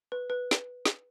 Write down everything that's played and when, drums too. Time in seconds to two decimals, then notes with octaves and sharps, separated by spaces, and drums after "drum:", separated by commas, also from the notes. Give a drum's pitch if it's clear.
0.12 B4
0.30 B4
0.51 drum: snare
0.86 drum: snare